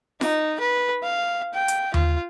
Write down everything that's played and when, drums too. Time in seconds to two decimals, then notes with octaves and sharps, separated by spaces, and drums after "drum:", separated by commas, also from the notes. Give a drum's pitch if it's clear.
0.21 D#4, drum: snare F4
0.60 B4
1.03 F5
1.54 G5
1.68 drum: hi-hat
1.94 F4, drum: tom D#2